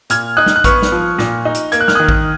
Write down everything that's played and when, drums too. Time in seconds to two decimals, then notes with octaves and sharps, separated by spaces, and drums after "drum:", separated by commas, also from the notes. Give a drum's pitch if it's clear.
0.10 A#2 F6 G#6, drum: hi-hat
0.37 D#4 D#6 F#6
0.46 drum: snare
0.56 F#6
0.64 B3 C#6 F6, drum: kick, hi-hat
0.82 drum: snare
0.92 F3
1.18 A#2, drum: snare
1.45 D#4
1.54 drum: hi-hat
1.72 A#3 G#6, drum: hi-hat
1.81 F#6
1.88 F6, drum: snare
1.95 D#3 D#6 F#6
2.09 drum: kick